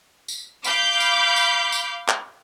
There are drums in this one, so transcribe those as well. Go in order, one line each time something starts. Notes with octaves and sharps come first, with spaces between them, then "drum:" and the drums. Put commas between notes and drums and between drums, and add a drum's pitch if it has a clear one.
drum: tambourine
F5 B5 D6 G6, drum: tambourine
drum: tambourine
drum: tambourine
drum: tambourine
drum: clap